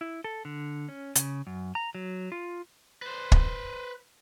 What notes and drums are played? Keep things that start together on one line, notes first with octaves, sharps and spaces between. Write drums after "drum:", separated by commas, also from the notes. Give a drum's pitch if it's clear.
E4
A4
D3
C#4
C#3, drum: hi-hat
F#2
A#5
F#3
F4
B4 C5
drum: kick